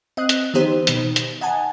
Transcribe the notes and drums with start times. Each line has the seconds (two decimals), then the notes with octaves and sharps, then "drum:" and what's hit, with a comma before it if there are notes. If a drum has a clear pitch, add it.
0.17 C4 D#5 D#6 F#6
0.29 drum: hi-hat
0.54 D#3 E3 B3 D#4 G4 C5
0.87 B2 D#3 D#4, drum: hi-hat
1.16 drum: hi-hat
1.41 D#5 F#5 G#5 A5